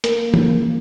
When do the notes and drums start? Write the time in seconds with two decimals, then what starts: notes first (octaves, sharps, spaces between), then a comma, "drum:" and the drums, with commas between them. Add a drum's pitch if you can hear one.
0.04 A#3, drum: hi-hat
0.34 drum: tom